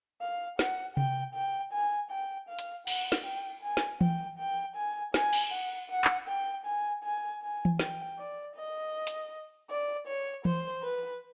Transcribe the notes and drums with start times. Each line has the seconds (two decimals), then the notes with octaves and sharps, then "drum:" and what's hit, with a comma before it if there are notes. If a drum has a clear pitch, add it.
0.21 F5
0.59 F#5, drum: snare
0.97 G5, drum: tom C3
1.35 G5
1.73 G#5
2.11 G5
2.49 F5
2.59 drum: hi-hat
2.87 F#5, drum: cymbal
3.12 drum: snare
3.25 G5
3.63 G#5
3.77 drum: snare
4.01 G5, drum: tom E3
4.39 G5
4.76 G#5
5.14 G#5, drum: snare
5.33 drum: cymbal
5.52 F#5
5.90 F#5
6.05 drum: clap
6.28 G5
6.66 G#5
7.04 G#5
7.42 G#5
7.65 drum: tom E3
7.79 G5, drum: snare
8.18 D5
8.55 D#5
9.07 drum: hi-hat
9.70 D5
10.07 C#5
10.45 C5, drum: tom E3
10.83 B4